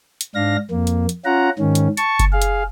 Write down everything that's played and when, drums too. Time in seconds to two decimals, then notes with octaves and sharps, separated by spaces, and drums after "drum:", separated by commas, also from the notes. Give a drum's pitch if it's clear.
0.21 drum: hi-hat
0.35 G#2 D4 F5 A#6
0.71 F2 A#3
0.87 drum: hi-hat
1.09 drum: hi-hat
1.25 C#4 F4 F#5 A#5
1.59 G#2 D#3 C#4
1.75 drum: hi-hat
1.97 A5 C#6, drum: hi-hat
2.19 drum: kick F#1, hi-hat
2.33 G#4 F5
2.42 drum: hi-hat